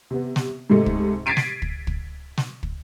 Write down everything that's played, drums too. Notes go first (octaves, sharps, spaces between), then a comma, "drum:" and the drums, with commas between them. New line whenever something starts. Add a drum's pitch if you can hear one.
C3 B3
drum: snare
G#2 C3 G#3 A3
drum: kick
G#6 A6 B6 C7 D7 D#7
drum: snare
drum: kick
drum: kick
drum: snare
drum: kick